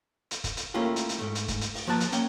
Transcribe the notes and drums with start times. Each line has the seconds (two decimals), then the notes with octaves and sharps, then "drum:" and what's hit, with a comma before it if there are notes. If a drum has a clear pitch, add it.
0.31 drum: hi-hat
0.44 drum: kick, hi-hat
0.57 drum: hi-hat
0.74 A3 A#3 C#4 E4 F4 G4
0.96 drum: hi-hat
1.09 drum: hi-hat
1.19 G#2 A3
1.35 drum: hi-hat
1.48 drum: kick, hi-hat
1.61 drum: hi-hat
1.74 drum: open hi-hat
1.87 F3 A#3 B4 A5
2.00 drum: hi-hat
2.12 A#3 C#4 G5, drum: hi-hat